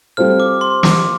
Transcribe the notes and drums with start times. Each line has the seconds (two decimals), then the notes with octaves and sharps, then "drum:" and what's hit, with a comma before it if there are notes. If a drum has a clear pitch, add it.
0.17 G3 C4 F4 A4 C5 F6
0.40 D6
0.61 C6
0.83 D6, drum: snare